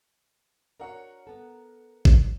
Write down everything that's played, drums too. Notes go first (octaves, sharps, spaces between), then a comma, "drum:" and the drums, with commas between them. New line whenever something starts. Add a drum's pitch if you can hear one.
D4 F#4 A#4 C#5 F#5
B3 A4
drum: kick